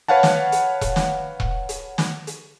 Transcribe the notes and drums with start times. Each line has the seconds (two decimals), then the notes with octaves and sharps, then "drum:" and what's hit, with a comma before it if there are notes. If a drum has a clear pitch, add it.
0.08 B4 C#5 F5 F#5 A5
0.23 drum: snare
0.52 drum: hi-hat
0.81 drum: kick E1, hi-hat
0.96 drum: snare
1.40 drum: kick E1
1.69 drum: hi-hat
1.98 drum: snare
2.27 drum: hi-hat